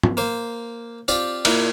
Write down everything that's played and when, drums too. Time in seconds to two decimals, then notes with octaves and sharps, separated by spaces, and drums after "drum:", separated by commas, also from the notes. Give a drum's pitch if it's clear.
0.03 drum: tom G#2
0.17 A#3 C5
1.08 C4 F4 G4 D5, drum: tambourine
1.45 A#2 A#3 E4, drum: cymbal